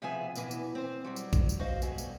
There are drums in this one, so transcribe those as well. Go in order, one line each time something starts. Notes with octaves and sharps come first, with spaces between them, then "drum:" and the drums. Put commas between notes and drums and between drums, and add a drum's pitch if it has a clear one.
C3 F3 B3 G#4 E5 G#5
E2 B2 D3 E3, drum: tambourine
drum: tambourine
C4 C5
F#3 G3 C4
drum: tambourine
drum: kick A#1, tambourine
drum: tambourine
G#3 F#4 C5 D#5 F5
B2 G3 G#4 A4, drum: tambourine
drum: tambourine